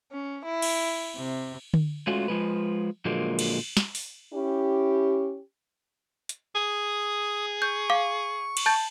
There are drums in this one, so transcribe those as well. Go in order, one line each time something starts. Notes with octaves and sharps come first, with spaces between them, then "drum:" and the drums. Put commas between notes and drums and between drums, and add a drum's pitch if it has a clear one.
C#4
E4
drum: cymbal
C3
drum: tom D3
G#3 A3 C#4 F4 F#4
F3 G#3 B4
A#2 D3 F3 F#3 G#3 A#3
drum: cymbal
drum: snare
drum: open hi-hat
C#4 E4 G4
drum: hi-hat
G#4 D#6
C#6 G6
F5 D6
drum: cymbal
A5 G6 A6